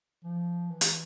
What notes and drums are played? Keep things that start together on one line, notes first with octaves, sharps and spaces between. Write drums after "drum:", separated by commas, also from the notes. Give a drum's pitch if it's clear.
F3
E3
drum: hi-hat